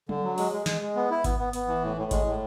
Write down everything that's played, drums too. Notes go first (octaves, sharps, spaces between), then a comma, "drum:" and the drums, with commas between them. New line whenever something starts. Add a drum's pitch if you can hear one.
D3, drum: tom F#3
F#3
G#3, drum: open hi-hat
G#3
G#3, drum: snare
G#3
B3
E4
B3, drum: kick G#1, hi-hat
B3
B3, drum: hi-hat
E3
A2
A2
G#3, drum: kick G#1, hi-hat
A2